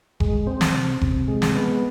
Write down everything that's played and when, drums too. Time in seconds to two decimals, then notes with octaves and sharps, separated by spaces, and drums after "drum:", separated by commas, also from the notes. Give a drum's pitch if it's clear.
0.20 G#3, drum: kick F1
0.47 C4
0.61 drum: snare
0.74 C3
1.01 C3, drum: kick F1
1.28 G#3
1.42 drum: snare
1.55 B3